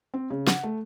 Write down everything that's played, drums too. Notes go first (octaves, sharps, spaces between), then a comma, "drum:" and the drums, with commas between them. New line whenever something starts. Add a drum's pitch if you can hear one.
C4
C#3
F#5, drum: snare
A3